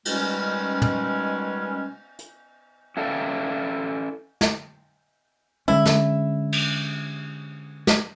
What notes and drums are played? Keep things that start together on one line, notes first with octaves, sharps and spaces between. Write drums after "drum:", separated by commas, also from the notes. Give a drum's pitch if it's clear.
B2 D#3 G3 G#3 C#4, drum: cymbal
drum: tom
drum: hi-hat
C#4 E4 A4 D5 F5 G5
drum: snare
D3 G#3 C#4 E4
drum: snare
drum: cymbal
drum: snare